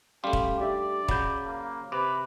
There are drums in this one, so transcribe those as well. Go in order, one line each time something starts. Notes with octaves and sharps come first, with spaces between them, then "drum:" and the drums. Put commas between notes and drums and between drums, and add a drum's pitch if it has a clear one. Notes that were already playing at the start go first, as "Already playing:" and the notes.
G3 A3 C#4 G4 F5 C6
drum: kick
D4 G4 D5 E5
C#3 F#3 B5 G6, drum: kick
A#3
C3 B4 D6